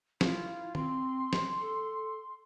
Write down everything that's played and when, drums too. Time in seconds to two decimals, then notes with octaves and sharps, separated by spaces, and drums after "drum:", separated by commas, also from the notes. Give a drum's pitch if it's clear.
0.21 E4 F4, drum: snare
0.75 C4 C6, drum: tom
1.33 drum: snare
1.61 A4